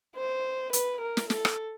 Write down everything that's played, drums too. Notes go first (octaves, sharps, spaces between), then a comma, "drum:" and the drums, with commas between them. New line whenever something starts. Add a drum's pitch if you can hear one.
C5
B4, drum: hi-hat
A#4
drum: snare
A4, drum: snare
drum: rim click